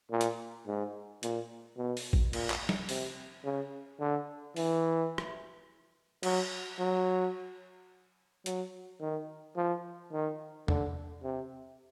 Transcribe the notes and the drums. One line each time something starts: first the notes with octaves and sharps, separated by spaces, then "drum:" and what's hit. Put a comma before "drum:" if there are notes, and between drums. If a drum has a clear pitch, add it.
A#2
drum: hi-hat
G#2
A#2, drum: hi-hat
B2
drum: open hi-hat
drum: kick
A#2, drum: cymbal
drum: clap
drum: snare
C3, drum: open hi-hat
C#3
D3
E3, drum: open hi-hat
drum: rim click
F#3, drum: cymbal
F#3
F#3, drum: hi-hat
D#3
F3
D#3
D3, drum: tom E2
C3